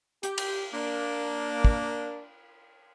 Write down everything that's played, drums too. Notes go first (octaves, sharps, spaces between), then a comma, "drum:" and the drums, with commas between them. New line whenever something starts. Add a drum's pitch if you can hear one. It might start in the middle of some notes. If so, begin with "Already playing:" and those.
G4, drum: hi-hat
drum: cymbal
A#3 D4
drum: kick